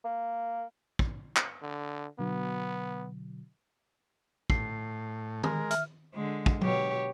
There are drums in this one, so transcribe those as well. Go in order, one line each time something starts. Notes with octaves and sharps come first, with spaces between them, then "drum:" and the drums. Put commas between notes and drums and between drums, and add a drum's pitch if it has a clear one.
A#3
drum: kick
drum: clap
D3
B2 D3 F#3 B3
A2 C7, drum: kick
G#3 A#4, drum: tom
E5 F6, drum: hi-hat
D3 G#3
drum: kick
B2 G4 C#5, drum: tom F#3